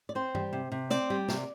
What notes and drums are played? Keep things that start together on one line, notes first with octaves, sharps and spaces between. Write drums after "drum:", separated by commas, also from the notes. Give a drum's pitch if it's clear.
D5
C4 C5
G3, drum: tom G2
C3
C3
C4 D5
G3
C3, drum: snare